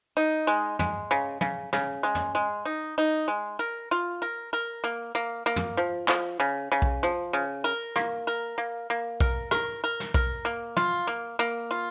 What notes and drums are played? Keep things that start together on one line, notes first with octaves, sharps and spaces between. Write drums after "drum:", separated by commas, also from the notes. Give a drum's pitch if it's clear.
D#4
G#3
G#3, drum: tom
C#3
C#3, drum: tom
C#3, drum: snare
G#3
drum: tom
G#3
D#4
D#4
G#3
A#4
F4
A#4
A#4
A#3
A#3
A#3
drum: tom
F3
F3, drum: clap
C#3
C#3
drum: kick B1
F3
C#3
A#4
A#3, drum: rim click
A#4
A#3
A#3
A#4, drum: kick B1
A#4, drum: rim click
A#4
drum: snare
A#4, drum: kick B1
A#3
F4, drum: tom
A#3
A#3
F4